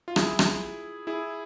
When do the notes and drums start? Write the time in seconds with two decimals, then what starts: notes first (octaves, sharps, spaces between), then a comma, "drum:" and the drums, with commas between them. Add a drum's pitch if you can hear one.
0.08 F4
0.16 E4 G#4, drum: rim click
0.39 drum: rim click
1.07 E4 G#4